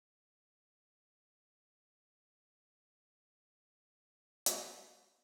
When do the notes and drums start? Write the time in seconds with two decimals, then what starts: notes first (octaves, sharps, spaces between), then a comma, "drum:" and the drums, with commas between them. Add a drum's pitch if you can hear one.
0.14 E5 A#5 B5
4.46 drum: hi-hat
4.80 A#2